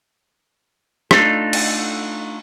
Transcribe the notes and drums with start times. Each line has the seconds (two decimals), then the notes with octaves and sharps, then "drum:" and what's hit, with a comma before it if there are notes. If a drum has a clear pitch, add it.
1.11 A3 D4 D#4 F4 A4, drum: rim click
1.53 drum: cymbal